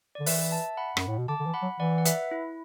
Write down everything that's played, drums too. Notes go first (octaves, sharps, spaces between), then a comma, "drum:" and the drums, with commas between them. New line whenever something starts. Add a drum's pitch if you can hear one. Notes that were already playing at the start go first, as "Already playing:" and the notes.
D3 D5
E3 B4 E5, drum: open hi-hat
E5 A5
F#5 B5
F#2, drum: rim click
A2
B2
D3 A5 D6
D3
E3
F#5 B5
F#3
E3 D5 F#5
F#5
B4 E5, drum: hi-hat
E4